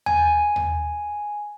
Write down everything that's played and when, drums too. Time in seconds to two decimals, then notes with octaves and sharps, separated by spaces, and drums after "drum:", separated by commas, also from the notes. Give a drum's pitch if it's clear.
0.06 G#5, drum: tom D#2
0.56 drum: tom D#2